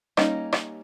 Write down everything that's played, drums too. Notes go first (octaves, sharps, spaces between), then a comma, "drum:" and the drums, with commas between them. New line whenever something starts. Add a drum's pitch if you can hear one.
G3 A#3 C#4 D#4, drum: rim click
drum: rim click